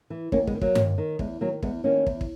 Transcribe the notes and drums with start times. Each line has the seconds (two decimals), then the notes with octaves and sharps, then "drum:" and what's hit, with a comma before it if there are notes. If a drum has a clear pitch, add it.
0.10 E3
0.32 D#2 A#3 C#4, drum: kick
0.47 G#3 B3, drum: kick
0.55 D#3
0.61 F#3 A#3, drum: kick
0.75 D#2, drum: tom G2
0.98 D#3
1.19 E2 G#3, drum: kick
1.41 D#3 F#3 A#3
1.63 E2 G#3 B3, drum: kick
1.84 D#3 A#3 C#4
2.07 E2, drum: kick
2.21 drum: kick